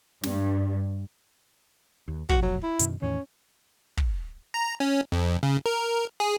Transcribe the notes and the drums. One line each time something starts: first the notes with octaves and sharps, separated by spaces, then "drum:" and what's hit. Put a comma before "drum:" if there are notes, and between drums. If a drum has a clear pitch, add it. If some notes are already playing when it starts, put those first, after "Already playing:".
G2, drum: snare
D#2
F1 B1 F3 F#4, drum: kick
F#3
E4
F#2 B2 D#3, drum: hi-hat
E2 A2 D#3 C#4
drum: kick
A#5
C#4
F2
C#3
A#4
G#4